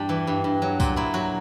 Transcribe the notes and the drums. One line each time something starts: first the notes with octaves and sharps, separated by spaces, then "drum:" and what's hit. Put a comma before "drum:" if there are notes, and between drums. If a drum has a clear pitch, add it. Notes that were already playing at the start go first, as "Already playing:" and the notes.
Already playing: E2 G2 G3 D4
E3
G2
G2
F#3
A#2, drum: kick C2, tambourine
A#2 E4
F#3 F#4